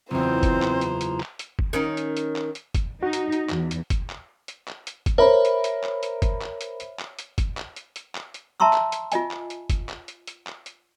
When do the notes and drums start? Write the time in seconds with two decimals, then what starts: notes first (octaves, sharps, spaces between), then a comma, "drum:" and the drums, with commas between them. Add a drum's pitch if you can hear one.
0.11 F#1 E2 C4 E4 F4 C5 A#5
0.43 drum: kick, hi-hat
0.62 drum: clap
0.81 drum: hi-hat
1.01 drum: hi-hat
1.20 drum: clap
1.39 drum: hi-hat
1.59 drum: kick
1.73 D#3 C#4 D#4
1.97 drum: hi-hat
2.17 drum: hi-hat
2.36 drum: clap
2.55 drum: hi-hat
2.75 drum: kick, hi-hat
3.03 D#4 F#4
3.13 drum: hi-hat
3.32 drum: hi-hat
3.49 E2, drum: clap
3.71 drum: hi-hat
3.90 drum: kick, hi-hat
4.10 drum: clap
4.48 drum: hi-hat
4.68 drum: clap
4.87 drum: hi-hat
5.06 drum: kick, hi-hat
5.18 A#4 C5 C#5 E5 B5
5.45 drum: hi-hat
5.64 drum: hi-hat
5.83 drum: clap
6.03 drum: hi-hat
6.22 drum: kick, hi-hat
6.41 drum: clap
6.61 drum: hi-hat
6.80 drum: hi-hat
6.99 drum: clap
7.19 drum: hi-hat
7.38 drum: kick, hi-hat
7.57 drum: clap
7.76 drum: hi-hat
7.96 drum: hi-hat
8.15 drum: clap
8.34 drum: hi-hat
8.60 E5 A5 A#5 C6 C#6 E6
8.73 drum: clap
8.92 drum: hi-hat
9.12 F4 D#5 G#5, drum: hi-hat
9.31 drum: clap
9.50 drum: hi-hat
9.70 drum: kick, hi-hat
9.89 drum: clap
10.08 drum: hi-hat
10.27 drum: hi-hat
10.47 drum: clap
10.66 drum: hi-hat